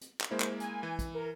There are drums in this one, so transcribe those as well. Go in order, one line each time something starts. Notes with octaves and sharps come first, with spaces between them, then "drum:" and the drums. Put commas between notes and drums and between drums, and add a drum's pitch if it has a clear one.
drum: hi-hat
drum: clap
G#3 A#3 E4 C5
drum: clap
G#5, drum: hi-hat
E3
drum: kick, hi-hat
A#4